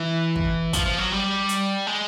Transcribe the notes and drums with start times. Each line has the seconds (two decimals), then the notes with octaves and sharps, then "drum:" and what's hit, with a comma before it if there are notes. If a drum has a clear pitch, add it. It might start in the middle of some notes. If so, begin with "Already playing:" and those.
Already playing: E3
0.36 drum: kick
0.73 F3, drum: kick, hi-hat
0.86 F3
0.98 F#3
1.12 G3
1.49 drum: hi-hat
1.87 G#3